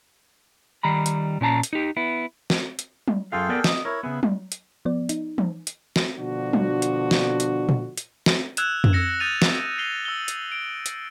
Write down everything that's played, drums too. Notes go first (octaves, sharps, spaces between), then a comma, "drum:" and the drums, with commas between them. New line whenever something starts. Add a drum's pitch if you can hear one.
D#3 G3 A#5 B5
drum: hi-hat
A#2 C#4 A5 A#5
drum: hi-hat
D#4 G4
B3 E4
drum: snare
drum: hi-hat
drum: tom F#3
F#2 F4 G#4 A4 F5 G5
B3 A#4 D5
D#5, drum: snare
E4 A#4 C#5
C#3 B3 G#4 E5
drum: tom F#3
drum: hi-hat
F3 B3 D5
D#4, drum: hi-hat
drum: tom E3
drum: hi-hat
drum: snare
B2 D3 F3 D4 F#4
drum: tom F#3
drum: hi-hat
drum: snare
drum: hi-hat
drum: tom A#2
drum: hi-hat
drum: snare
E6 F#6 G#6 E7 F7, drum: hi-hat
drum: tom F2
E6 G#6 A#6 C#7
D#6 F#6 G6 A6 D#7 F7
drum: snare
C7 D#7 F7 G7
E6 G7
drum: hi-hat
D7 F7
drum: hi-hat